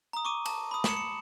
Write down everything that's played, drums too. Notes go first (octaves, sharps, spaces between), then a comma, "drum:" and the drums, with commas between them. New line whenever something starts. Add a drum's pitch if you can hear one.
A#5 D#6
C#6 D6 D#7
A5, drum: cymbal
B5 D#6
C#7 E7 F#7, drum: snare
C#7